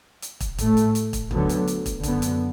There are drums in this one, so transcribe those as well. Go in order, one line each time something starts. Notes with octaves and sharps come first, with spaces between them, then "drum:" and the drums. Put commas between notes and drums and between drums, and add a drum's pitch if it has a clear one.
drum: hi-hat
drum: kick, hi-hat
A2 A3, drum: kick, hi-hat
drum: hi-hat
drum: hi-hat
drum: kick, hi-hat
D2 D3 F#3 B3, drum: kick
drum: hi-hat
drum: hi-hat
drum: kick, hi-hat
F#2 D3 B3, drum: kick, hi-hat
drum: hi-hat